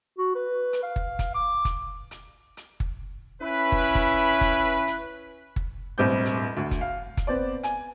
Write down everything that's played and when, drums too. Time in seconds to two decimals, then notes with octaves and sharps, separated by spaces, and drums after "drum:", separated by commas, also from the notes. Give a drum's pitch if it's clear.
0.18 F#4
0.35 B4
0.73 drum: hi-hat
0.83 F5
0.96 drum: kick F#1
1.19 drum: kick F#1, hi-hat
1.34 D6
1.65 drum: kick F#1, hi-hat
2.11 drum: hi-hat
2.57 drum: hi-hat
2.80 drum: kick F#1
3.42 C#4 E4 B4
3.72 drum: kick F#1
3.95 drum: kick F#1, hi-hat
4.41 drum: kick F#1, hi-hat
4.87 drum: hi-hat
5.56 drum: kick F#1
5.98 E1 A1 G3 C4 D6 G6
6.25 drum: hi-hat
6.57 D2
6.71 drum: kick F#1, hi-hat
6.81 F5
7.17 drum: kick F#1, hi-hat
7.27 B3 C4 D5
7.63 G#5, drum: hi-hat